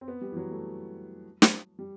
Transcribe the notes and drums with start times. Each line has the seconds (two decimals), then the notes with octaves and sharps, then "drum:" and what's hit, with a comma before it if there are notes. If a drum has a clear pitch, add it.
0.01 C4
0.08 B3
0.21 G3
0.32 E3
0.37 F#3
0.51 A3
1.42 drum: snare
1.79 G3